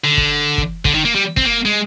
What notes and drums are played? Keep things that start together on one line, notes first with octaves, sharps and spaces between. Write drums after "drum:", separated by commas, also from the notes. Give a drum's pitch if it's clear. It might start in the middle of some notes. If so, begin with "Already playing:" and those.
D3
drum: kick
drum: kick
D3, drum: kick
D#3
A#3
G3
C4, drum: kick
A#3
G#3